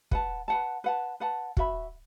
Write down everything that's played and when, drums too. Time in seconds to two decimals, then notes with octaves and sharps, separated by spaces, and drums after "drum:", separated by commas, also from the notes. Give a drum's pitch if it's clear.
0.11 B4 F#5 A5, drum: kick
0.48 B4 F#5 A5
0.84 B4 F#5 A5
1.20 B4 F#5 A5
1.57 F#4 A4 E5 B5, drum: kick